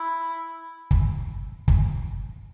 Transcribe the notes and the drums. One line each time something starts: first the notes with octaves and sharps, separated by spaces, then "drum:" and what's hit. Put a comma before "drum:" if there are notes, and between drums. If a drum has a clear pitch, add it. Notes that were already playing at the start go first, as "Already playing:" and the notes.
Already playing: E4
drum: kick
drum: kick